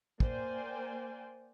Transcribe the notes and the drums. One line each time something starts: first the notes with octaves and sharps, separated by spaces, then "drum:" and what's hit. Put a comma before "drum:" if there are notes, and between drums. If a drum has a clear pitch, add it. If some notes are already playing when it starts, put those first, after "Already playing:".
A#3 C5 D5 G5 G#5, drum: kick